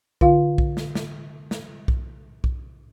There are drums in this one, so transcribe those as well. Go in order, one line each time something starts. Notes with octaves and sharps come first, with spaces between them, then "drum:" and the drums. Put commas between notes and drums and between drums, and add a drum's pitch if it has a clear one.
D3 F4 F5, drum: kick B1
drum: kick B1
drum: snare
drum: snare
drum: snare
drum: kick B1
drum: kick B1